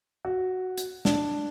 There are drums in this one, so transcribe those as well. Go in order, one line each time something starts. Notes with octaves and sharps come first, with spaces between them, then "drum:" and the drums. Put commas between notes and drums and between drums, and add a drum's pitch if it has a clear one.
F#4
drum: hi-hat
D4, drum: snare